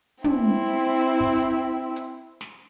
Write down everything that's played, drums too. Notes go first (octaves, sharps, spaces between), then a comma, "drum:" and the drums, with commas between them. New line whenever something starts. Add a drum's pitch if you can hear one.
C4 E4, drum: tom
drum: kick
drum: hi-hat
drum: snare